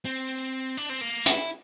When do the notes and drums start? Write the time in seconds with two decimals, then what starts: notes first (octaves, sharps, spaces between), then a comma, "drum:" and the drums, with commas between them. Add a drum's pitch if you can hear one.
0.05 C4
0.77 D4
0.89 C4
1.01 A#3
1.26 E4, drum: hi-hat